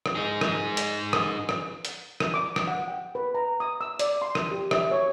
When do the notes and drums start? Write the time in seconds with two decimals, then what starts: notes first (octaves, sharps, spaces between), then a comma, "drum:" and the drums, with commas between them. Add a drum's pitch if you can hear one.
0.06 drum: rim click
0.15 D#4 G#4
0.41 drum: rim click
0.77 drum: hi-hat
1.13 drum: rim click
1.49 drum: rim click
1.85 drum: hi-hat
2.20 drum: rim click
2.34 D6
2.56 drum: rim click
2.67 F#5
2.88 G5
3.15 B4
3.35 A#5
3.60 D#6
3.81 E6
3.99 D5, drum: hi-hat
4.22 C6
4.35 drum: rim click
4.51 G4
4.71 E5, drum: rim click
4.91 C#5